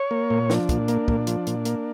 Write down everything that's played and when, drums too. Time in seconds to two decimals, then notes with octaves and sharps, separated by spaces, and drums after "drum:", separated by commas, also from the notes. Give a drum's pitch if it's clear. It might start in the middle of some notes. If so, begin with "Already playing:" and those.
Already playing: C#5
0.11 A#3
0.30 A#2
0.50 F3 D4, drum: snare
0.69 A#2, drum: kick, hi-hat
0.88 A#3, drum: hi-hat
1.08 A#2, drum: kick
1.27 F3, drum: hi-hat
1.47 A#2, drum: hi-hat
1.65 A#3, drum: hi-hat